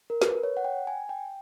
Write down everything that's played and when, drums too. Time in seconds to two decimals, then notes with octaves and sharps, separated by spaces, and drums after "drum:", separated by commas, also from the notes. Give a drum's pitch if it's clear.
0.10 A#4
0.22 B4, drum: snare
0.43 C#5
0.57 F#5
0.65 G5
0.87 G#5
1.09 G5